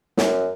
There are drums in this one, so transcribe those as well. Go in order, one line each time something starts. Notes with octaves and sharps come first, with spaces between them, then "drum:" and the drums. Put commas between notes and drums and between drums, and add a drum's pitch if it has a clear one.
F#2, drum: snare